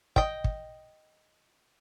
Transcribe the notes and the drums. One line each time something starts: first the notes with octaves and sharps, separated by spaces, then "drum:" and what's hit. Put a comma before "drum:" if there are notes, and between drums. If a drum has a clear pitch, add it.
D#5 G5, drum: kick
drum: kick